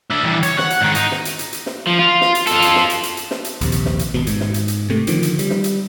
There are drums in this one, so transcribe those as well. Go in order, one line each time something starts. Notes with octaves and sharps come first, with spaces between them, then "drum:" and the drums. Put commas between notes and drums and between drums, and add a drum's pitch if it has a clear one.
D4 E5
E3 G3
C#5, drum: hi-hat
F#5, drum: snare
drum: hi-hat
G#2 D#3
D#4, drum: hi-hat
drum: snare
drum: hi-hat
drum: hi-hat
drum: hi-hat
drum: snare
F3
F4
drum: snare
drum: hi-hat
F4 A4, drum: hi-hat
drum: hi-hat
drum: snare
drum: hi-hat
drum: hi-hat
drum: hi-hat
drum: snare
drum: hi-hat
A#1 D#2 C3, drum: hi-hat
drum: hi-hat
drum: snare
drum: hi-hat
G#1 B2
G#2, drum: hi-hat
drum: snare
drum: hi-hat
drum: hi-hat
C3 A3
D3 D#3 F3, drum: hi-hat
drum: hi-hat
G3, drum: hi-hat
drum: snare
drum: hi-hat